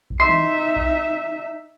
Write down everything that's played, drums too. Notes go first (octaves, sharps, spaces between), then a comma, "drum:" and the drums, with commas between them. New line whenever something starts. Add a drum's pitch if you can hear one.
drum: kick B1
D#4 E5 C6
drum: tom D#3
drum: kick B1